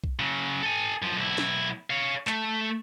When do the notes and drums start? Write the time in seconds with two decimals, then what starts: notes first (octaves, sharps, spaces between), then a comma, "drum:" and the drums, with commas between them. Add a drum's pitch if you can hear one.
0.04 drum: kick B1
0.19 C#3 F#3
0.63 A4 G#5
1.02 F#2 F3
1.16 B1 E4
1.38 drum: snare
1.90 C#5 F5
2.27 A3, drum: clap